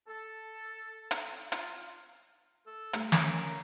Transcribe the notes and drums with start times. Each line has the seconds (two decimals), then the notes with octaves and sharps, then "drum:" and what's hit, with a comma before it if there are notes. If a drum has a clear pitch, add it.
0.08 A4
1.11 drum: hi-hat
1.52 F4, drum: hi-hat
2.66 A4
2.93 G3 A3, drum: hi-hat
3.12 C#4 A#4, drum: snare